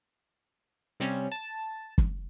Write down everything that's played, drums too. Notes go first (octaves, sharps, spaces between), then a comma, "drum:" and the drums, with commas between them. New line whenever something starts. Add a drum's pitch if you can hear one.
C3 G3 C4 C#4
A5
drum: kick